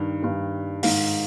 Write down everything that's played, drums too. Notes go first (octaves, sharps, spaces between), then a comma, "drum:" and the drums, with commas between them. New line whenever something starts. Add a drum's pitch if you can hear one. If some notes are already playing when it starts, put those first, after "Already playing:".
Already playing: G2 D#3
G2 D#3
G#2 D#3 F5, drum: open hi-hat